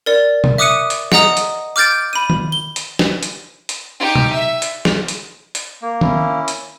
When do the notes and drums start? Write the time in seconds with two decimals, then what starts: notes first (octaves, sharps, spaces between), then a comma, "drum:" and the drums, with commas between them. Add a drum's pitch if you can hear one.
0.06 A#4 D5
0.44 drum: tom B2
0.58 E5 D6 D#6 F#6 C#7 D#7
0.90 drum: hi-hat
1.12 D#5 F#5 A#5 D#6, drum: snare
1.37 drum: hi-hat
1.76 D6 F6 G6 A6 D7
2.13 B5 D#7
2.30 drum: tom D#3
2.52 G7
2.76 drum: hi-hat
2.99 drum: snare
3.23 drum: hi-hat
3.69 drum: hi-hat
4.00 D#4 G4
4.15 drum: tom B2
4.33 E5
4.62 drum: hi-hat
4.85 drum: snare
5.08 drum: hi-hat
5.55 drum: hi-hat
5.82 A#3
6.01 C#4 E4, drum: tom D#3
6.48 drum: hi-hat